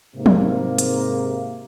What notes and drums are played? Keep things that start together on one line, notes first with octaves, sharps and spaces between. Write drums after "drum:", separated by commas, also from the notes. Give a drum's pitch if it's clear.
G#2 C3 A#3
drum: tom
drum: hi-hat